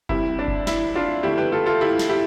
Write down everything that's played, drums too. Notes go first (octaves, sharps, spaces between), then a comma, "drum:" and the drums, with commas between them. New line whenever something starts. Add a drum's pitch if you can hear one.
C2 C3 G3 E4, drum: kick F#1
D4
drum: kick F#1
E4, drum: snare
D4 F4
F2 D3 A3 E4 G4
G4 B4
F4 A4
F4 A4
E4 G4
drum: snare
E4 G4